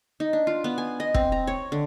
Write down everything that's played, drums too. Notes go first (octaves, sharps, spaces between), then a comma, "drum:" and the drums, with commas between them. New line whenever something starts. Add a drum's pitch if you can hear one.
D#4
D4
F4
B3
G#5
D#5
C4, drum: kick
A#5
C#5
D3